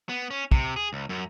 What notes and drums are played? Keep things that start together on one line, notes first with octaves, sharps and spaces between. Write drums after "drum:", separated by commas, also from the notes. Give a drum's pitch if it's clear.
B3
C#4
C3, drum: kick
G#4
C#2
F#2